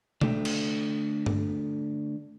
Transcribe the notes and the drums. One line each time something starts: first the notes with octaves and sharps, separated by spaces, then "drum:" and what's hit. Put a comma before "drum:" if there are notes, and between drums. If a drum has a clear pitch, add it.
D3 A3 G5, drum: tom B2
drum: cymbal
drum: tom G2